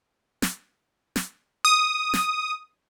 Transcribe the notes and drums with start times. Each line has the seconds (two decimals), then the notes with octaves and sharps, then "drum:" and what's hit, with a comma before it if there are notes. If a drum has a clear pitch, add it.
0.42 drum: snare
1.16 drum: snare
1.65 D#6
2.14 drum: snare